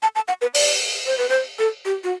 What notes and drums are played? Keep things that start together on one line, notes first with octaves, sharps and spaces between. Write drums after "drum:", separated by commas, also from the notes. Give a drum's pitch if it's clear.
A5
A5
F#5
B4
D5, drum: open hi-hat
C5
B4
C5
A4
G4
F#4